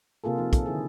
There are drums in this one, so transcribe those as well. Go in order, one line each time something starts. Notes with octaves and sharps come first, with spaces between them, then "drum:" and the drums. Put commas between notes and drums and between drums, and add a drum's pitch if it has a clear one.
C3 A#3 F4 G#4 A4
F3 D#4
A4, drum: kick, hi-hat
D3 D#3 E4 G#4